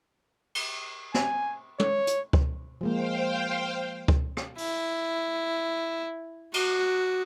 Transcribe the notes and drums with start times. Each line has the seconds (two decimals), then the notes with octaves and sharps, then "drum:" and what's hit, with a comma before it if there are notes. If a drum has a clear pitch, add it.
0.55 drum: cymbal
1.14 G#5, drum: snare
1.80 C#5, drum: tom
2.07 drum: hi-hat
2.33 drum: kick C#2
2.81 F3 G#3 A#3 C5 F5 G5
4.08 drum: kick C#2
4.37 drum: rim click
4.58 E4, drum: open hi-hat
6.54 F#4, drum: cymbal